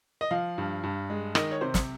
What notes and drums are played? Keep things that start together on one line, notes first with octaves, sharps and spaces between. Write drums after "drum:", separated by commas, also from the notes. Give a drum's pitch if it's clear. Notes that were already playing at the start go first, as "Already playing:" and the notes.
D#5
F3 F5
G2
G2
G#3
D#3 D#5, drum: rim click
C#5
C3 C5
drum: snare